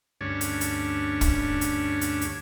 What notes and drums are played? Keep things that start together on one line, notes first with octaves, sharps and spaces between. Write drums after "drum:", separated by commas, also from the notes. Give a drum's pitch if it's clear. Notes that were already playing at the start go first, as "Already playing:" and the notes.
D2 G2 C#4 D4 C#5
drum: hi-hat
drum: hi-hat
drum: kick, hi-hat
drum: hi-hat
drum: hi-hat
drum: hi-hat